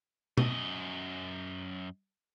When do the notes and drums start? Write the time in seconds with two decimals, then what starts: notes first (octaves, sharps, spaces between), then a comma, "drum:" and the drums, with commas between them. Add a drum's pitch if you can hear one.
0.38 F#2 D#5, drum: tom B2